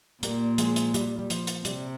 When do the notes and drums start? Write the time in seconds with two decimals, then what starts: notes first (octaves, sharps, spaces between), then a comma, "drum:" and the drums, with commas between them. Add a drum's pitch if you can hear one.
0.23 A#2 G3 A#3, drum: hi-hat
0.58 F3 G#3, drum: hi-hat
0.76 drum: hi-hat
0.94 G3, drum: hi-hat
1.19 G3
1.30 F3, drum: hi-hat
1.47 drum: hi-hat
1.65 C3 G3, drum: hi-hat